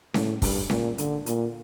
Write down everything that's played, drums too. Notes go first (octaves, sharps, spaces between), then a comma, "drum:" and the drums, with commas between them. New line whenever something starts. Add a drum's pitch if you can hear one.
A2, drum: snare C#4
G2, drum: kick, open hi-hat
A#2, drum: snare C#4
D3, drum: hi-hat
A#2, drum: hi-hat